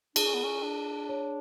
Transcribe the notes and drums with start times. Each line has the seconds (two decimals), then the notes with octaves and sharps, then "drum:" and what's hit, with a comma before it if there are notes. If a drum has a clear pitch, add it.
0.16 D4 G#4, drum: cymbal
0.25 C#4
0.34 B3
0.44 C#4
0.63 D4
1.09 C#5